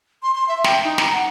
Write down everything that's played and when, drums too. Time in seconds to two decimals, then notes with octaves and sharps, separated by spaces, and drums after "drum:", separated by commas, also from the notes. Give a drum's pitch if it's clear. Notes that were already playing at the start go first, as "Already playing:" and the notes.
0.23 C6
0.35 C6
0.49 E5
0.64 G5, drum: snare
0.84 D#4
0.98 A#5, drum: snare
1.13 F#5